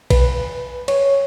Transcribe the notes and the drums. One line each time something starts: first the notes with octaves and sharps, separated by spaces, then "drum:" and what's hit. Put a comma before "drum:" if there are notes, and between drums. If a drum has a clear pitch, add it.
B4, drum: kick A#1, cymbal
C#5, drum: cymbal